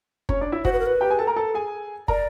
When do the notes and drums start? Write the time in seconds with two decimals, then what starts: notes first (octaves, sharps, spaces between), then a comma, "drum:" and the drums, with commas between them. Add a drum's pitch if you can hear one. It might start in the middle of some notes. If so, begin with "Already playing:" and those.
0.29 C#4 C#5, drum: kick
0.41 D4 D5
0.52 E4 E5
0.65 F#4 C5 F#5, drum: kick
0.73 B4
0.80 A#4
0.86 B4
1.01 G4 G5
1.10 G#4 G#5
1.19 A4 A5
1.27 A#4 A#5
1.36 A4 A5
1.54 G#4 G#5
2.08 A#4 D5 A#5, drum: kick